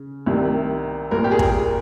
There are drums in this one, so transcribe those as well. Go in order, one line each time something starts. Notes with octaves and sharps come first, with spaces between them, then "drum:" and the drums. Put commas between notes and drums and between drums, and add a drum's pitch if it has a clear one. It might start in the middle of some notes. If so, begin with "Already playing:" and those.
Already playing: C#3
C2 C3 D#3
C2 A#2 A#4
G4
G#4
A#4, drum: kick